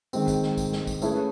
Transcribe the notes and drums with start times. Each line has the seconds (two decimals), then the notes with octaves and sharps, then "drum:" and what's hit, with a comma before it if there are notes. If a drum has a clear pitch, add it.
0.13 G#2 D#3 G#3 C4, drum: tambourine
0.28 drum: kick, tambourine
0.43 drum: snare
0.58 drum: kick, tambourine
0.72 drum: snare
0.87 drum: kick, tambourine
1.02 A3 C#4 E4 G#4 B4, drum: tambourine